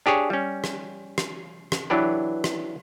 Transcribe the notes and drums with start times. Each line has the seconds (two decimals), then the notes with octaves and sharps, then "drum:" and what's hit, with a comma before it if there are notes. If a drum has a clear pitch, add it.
0.06 D4 G4 G#4 C#5
0.30 G3 C#4
0.64 drum: rim click
1.18 drum: rim click
1.72 drum: rim click
1.90 E3 F#3 D4 G4 B4
2.44 drum: rim click